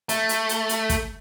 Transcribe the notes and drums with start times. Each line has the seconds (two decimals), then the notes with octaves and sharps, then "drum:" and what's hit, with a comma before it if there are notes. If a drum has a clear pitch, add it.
0.09 A3, drum: hi-hat
0.29 drum: hi-hat
0.49 drum: hi-hat
0.69 drum: hi-hat
0.89 drum: kick, hi-hat